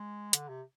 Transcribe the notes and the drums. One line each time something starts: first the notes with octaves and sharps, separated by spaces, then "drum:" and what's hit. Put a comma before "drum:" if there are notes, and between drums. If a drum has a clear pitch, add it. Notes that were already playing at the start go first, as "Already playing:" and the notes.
Already playing: G#3
D3, drum: hi-hat
C3